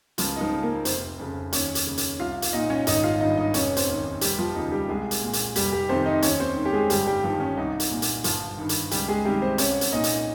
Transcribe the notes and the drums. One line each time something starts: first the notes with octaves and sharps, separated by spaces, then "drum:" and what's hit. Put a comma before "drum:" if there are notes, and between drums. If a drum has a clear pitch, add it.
C#2 F3 F4, drum: hi-hat
D#4
F3 F4
C#3
A#3 A#4
F1 C4 C5, drum: hi-hat
F2 C#3
D#2 C#4 C#5, drum: hi-hat
drum: hi-hat
C#3
drum: hi-hat
C2 F4 F5
drum: hi-hat
A#2 D#4 D#5
C#4 C#5
G#1 D#4 D#5, drum: hi-hat
F4 F5
G2 D#3 D#4 D#5
D#4 D#5
F1 C#4 C#5, drum: hi-hat
C4 C5, drum: hi-hat
D#2 D#3
F1 G3 G4, drum: hi-hat
F3 F4
D#2 C#3 D#4
G3 G4
C2 G#3 G#4
drum: hi-hat
A#2
drum: hi-hat
F1 G3 G4, drum: hi-hat
G3 G4
F2 C3 D#3 C4 C5
D#4 D#5
D#2 C#4 C#5, drum: hi-hat
C4 C5
D#3
G4
G#3 G#4
G1 G3 G4, drum: hi-hat
G3 G4
G2 D#3 F3 F4
C#4
C2 D#4
drum: hi-hat
A#2
drum: hi-hat
G1 F3 F4, drum: hi-hat
G2 D#3
drum: hi-hat
C#2 G3 G4, drum: hi-hat
G#3 G#4
C3 D#3 G3 G4
C4 C5
C2 C#4 C#5, drum: hi-hat
drum: hi-hat
A#2 D#4 D#5
drum: hi-hat